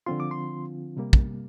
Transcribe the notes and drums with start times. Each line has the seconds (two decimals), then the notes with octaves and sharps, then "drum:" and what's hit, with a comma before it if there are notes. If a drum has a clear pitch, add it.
0.06 D3 F3 C4 F4 C6
0.20 D6
0.31 C6
0.97 C3 G3 A#3
1.13 drum: kick